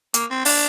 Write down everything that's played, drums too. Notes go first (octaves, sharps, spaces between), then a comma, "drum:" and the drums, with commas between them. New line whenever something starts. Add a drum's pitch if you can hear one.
A#3, drum: hi-hat
C4
D4, drum: open hi-hat